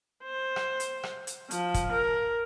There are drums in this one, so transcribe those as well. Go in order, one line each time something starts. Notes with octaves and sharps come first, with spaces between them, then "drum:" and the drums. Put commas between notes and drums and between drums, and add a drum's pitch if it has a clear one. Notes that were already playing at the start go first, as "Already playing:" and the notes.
C5
drum: rim click
drum: hi-hat
drum: rim click
drum: hi-hat
F3, drum: hi-hat
drum: kick, hi-hat
A#4